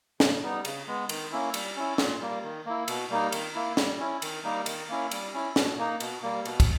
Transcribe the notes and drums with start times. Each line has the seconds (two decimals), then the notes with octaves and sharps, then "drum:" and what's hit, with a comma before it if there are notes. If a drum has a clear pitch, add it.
0.20 C#3, drum: snare
0.42 G3 B3 D#4
0.65 C#3, drum: cymbal
0.87 G#3 B3
1.09 D#3, drum: cymbal
1.32 A#3 C#4 E4
1.54 G3, drum: cymbal
1.76 C#4 E4
1.98 A#2, drum: snare
2.21 G3 A#3
2.43 D#3
2.66 A#3 E4
2.88 B2, drum: cymbal
3.10 G3 A#3 D#4
3.32 D#3, drum: cymbal
3.55 A#3 E4
3.77 G3, drum: snare
3.99 C#4 E4
4.22 D#3, drum: cymbal
4.44 G3 A#3 D#4
4.66 D#3, drum: cymbal
4.89 A#3 C#4 E4
5.11 G3, drum: cymbal
5.33 C#4 E4
5.56 B2, drum: snare
5.78 A#3 D#4
6.00 B2, drum: cymbal
6.23 G3 A#3
6.45 B2, drum: cymbal
6.60 drum: kick, cymbal